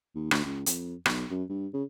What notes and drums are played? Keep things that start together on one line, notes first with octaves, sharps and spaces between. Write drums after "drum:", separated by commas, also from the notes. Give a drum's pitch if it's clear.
D#2
D2, drum: rim click
C#2
F2, drum: hi-hat
B1, drum: rim click
F#2
G2
C#3